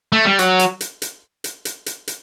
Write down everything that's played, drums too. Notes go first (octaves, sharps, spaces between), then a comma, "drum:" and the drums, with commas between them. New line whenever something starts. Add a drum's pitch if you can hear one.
A3
G3
F#3, drum: hi-hat
drum: hi-hat
drum: hi-hat
drum: hi-hat
drum: hi-hat
drum: hi-hat
drum: hi-hat
drum: hi-hat